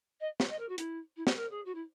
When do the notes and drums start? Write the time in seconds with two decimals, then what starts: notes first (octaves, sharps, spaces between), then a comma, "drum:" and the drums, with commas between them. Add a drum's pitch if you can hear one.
0.20 D#5
0.40 C#5, drum: snare
0.49 D#5
0.59 A#4
0.69 F#4
0.78 E4, drum: hi-hat
1.16 E4
1.27 F#4, drum: snare
1.36 A#4
1.50 G#4
1.65 F#4
1.75 E4